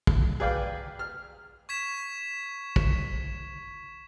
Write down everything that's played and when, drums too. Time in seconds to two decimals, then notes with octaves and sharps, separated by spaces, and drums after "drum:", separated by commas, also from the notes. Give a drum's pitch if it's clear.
0.07 drum: kick
0.40 G#4 B4 D5 F5 G5
0.99 F6
1.69 C#6 G#6 B6 E7
2.76 drum: kick